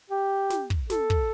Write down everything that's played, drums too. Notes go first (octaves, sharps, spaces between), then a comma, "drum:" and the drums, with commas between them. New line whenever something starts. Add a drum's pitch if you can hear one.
G4
drum: snare
drum: kick
A4, drum: snare
drum: kick